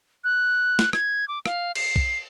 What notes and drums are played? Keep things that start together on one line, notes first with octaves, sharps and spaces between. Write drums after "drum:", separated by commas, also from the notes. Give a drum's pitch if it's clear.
F#6
drum: snare
G#6, drum: rim click
D6
F5, drum: rim click
C7, drum: cymbal
drum: kick